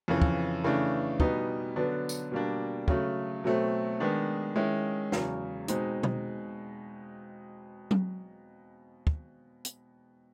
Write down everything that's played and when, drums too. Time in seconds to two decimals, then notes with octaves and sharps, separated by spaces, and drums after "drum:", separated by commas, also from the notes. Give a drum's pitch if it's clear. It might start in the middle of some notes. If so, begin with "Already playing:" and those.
0.08 F2 C#3 E3
0.22 drum: kick
0.64 C#3 E3 A3 D4
1.20 B2 G3 B3 D#4, drum: kick
1.76 D3 F#3 B3 D4
2.09 drum: tambourine
2.32 B2 G3 A#3 D4
2.88 C#3 F#3 A3, drum: kick
3.44 B2 F#3 A3 C4
4.00 D#3 G#3 B3 D4
4.56 D#3 G#3 C#4 E4
5.12 E2 C#3 F#3, drum: snare
5.68 B2 G#3 C4 D#4, drum: hi-hat
6.03 drum: tom B2
7.91 drum: tom F#3
9.07 drum: kick
9.65 drum: hi-hat